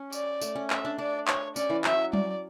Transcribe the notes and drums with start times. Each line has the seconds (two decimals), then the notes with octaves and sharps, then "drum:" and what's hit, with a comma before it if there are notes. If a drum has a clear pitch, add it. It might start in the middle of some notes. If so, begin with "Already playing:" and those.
Already playing: C#4
0.13 D5, drum: tambourine
0.41 A3, drum: tambourine
0.56 C#4
0.70 E5, drum: clap
0.85 D4
0.98 D4 D5
1.28 C#5, drum: clap
1.56 C#4 D5, drum: tambourine
1.70 E3
1.84 F#3 E5, drum: clap
2.13 D5, drum: tom F#3